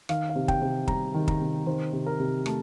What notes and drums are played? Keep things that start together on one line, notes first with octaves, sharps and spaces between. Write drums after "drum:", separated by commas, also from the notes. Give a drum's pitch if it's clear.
D#3 F5, drum: rim click
F5
C3
G5, drum: kick
C3
G3 A#5, drum: kick
D#3
A#5, drum: kick
C3
D#3 C5
C3
A#4
C3
A3 A5, drum: rim click